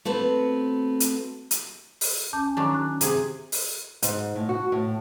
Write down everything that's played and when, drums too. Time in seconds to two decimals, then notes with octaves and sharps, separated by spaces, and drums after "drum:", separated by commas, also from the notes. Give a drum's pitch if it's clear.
0.05 A3 B3 C4 F#4 B4
1.00 drum: hi-hat
1.51 drum: hi-hat
2.01 drum: open hi-hat
2.33 C#4 A5 D6 G6
2.57 D#3 F#3 D4
2.74 F#6
3.01 C3 G#4, drum: hi-hat
3.52 drum: open hi-hat
4.02 G#2, drum: hi-hat
4.36 A2
4.49 F#4
4.72 A2